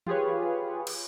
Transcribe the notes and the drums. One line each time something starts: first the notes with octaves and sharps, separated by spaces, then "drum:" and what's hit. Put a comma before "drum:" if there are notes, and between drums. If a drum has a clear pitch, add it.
F4 G4 G#4 B4 C#5, drum: tom E3
drum: cymbal